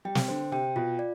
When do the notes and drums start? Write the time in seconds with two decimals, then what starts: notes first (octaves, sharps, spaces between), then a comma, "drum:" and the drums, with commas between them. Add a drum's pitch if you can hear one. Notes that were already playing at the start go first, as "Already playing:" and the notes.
0.05 G3 G5
0.15 drum: snare
0.28 D3 C5
0.52 C3 G5
0.76 B2 F4
0.99 D5